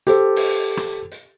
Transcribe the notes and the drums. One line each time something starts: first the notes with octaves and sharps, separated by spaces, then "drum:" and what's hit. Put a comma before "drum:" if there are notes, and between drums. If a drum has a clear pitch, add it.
G4 A4 C5, drum: hi-hat
drum: open hi-hat
drum: rim click
drum: hi-hat